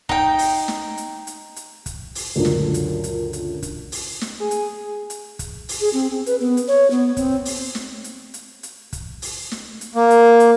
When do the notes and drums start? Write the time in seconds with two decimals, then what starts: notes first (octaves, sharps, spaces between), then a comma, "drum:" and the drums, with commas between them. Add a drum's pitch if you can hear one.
0.09 D#4 G5, drum: kick
0.39 drum: open hi-hat
0.68 drum: snare
0.97 drum: hi-hat
1.27 drum: hi-hat
1.56 drum: hi-hat
1.86 drum: kick, hi-hat
2.15 drum: open hi-hat
2.35 C#2 F#2 A#2 D3
2.45 drum: snare
2.74 drum: hi-hat
3.04 drum: hi-hat
3.33 drum: hi-hat
3.63 drum: kick, hi-hat
3.92 drum: open hi-hat
4.21 drum: snare
4.41 G#4
4.51 drum: hi-hat
5.10 drum: hi-hat
5.39 drum: kick, hi-hat
5.69 drum: open hi-hat
5.81 G#4
5.93 C4
6.10 C4
6.26 B4, drum: hi-hat
6.40 B3
6.57 drum: hi-hat
6.68 C#5
6.90 B3
7.17 C4, drum: kick, hi-hat
7.45 drum: open hi-hat
7.75 drum: snare
8.04 drum: hi-hat
8.34 drum: hi-hat
8.63 drum: hi-hat
8.93 drum: kick, hi-hat
9.22 drum: open hi-hat
9.51 drum: snare
9.81 drum: hi-hat
9.95 A#3
10.10 drum: hi-hat
10.40 drum: hi-hat